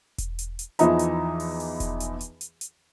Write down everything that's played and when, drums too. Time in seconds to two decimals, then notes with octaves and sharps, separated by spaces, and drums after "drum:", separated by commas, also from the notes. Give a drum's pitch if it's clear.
0.18 drum: kick E1, hi-hat
0.39 drum: hi-hat
0.59 drum: hi-hat
0.79 E2 E3 F3 D#4 E5 A#5, drum: hi-hat
0.99 drum: hi-hat
1.40 drum: open hi-hat
1.60 drum: open hi-hat
1.80 drum: kick E1, hi-hat
2.00 drum: hi-hat
2.21 drum: hi-hat
2.41 drum: hi-hat
2.61 drum: hi-hat